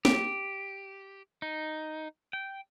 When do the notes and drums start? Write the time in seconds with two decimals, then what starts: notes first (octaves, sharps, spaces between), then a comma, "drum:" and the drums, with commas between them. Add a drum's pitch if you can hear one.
0.05 G4, drum: snare
1.42 D#4
2.33 G5